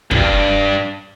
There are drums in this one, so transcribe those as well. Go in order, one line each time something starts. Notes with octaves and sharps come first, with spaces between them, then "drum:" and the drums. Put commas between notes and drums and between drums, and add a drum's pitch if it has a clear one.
C#2 G2, drum: kick